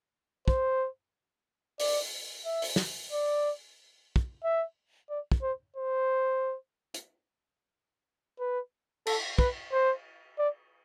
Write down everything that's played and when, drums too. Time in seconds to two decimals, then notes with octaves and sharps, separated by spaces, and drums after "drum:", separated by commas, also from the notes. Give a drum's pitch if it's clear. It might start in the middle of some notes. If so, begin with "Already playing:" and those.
0.48 C5, drum: kick
1.80 D5, drum: open hi-hat
2.46 E5
2.62 drum: open hi-hat
2.76 drum: snare
3.12 D5
4.16 drum: kick
4.44 E5
5.10 D5
5.32 drum: kick
5.42 C5
5.76 C5
6.94 drum: hi-hat
8.40 B4
9.07 A4, drum: cymbal
9.38 B4, drum: kick
9.72 C5
10.39 D5